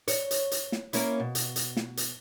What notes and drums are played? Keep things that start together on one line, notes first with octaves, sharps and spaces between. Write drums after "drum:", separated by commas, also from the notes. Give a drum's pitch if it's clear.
C#5, drum: hi-hat
drum: hi-hat
drum: hi-hat
drum: snare
A#3 C#4 E4, drum: hi-hat
B2
drum: hi-hat
drum: hi-hat
drum: snare
drum: hi-hat